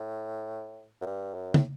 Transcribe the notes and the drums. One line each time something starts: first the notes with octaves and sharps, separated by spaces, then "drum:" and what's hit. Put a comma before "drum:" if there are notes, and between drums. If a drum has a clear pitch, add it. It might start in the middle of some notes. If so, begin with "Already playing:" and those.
Already playing: A2
F#2
G2
F#2
A2, drum: tom